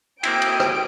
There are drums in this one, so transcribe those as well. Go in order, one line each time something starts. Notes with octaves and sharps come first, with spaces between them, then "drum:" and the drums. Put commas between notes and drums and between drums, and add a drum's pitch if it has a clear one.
A#3 C4 E4 G5 D#6 D7, drum: cymbal
drum: cymbal
drum: rim click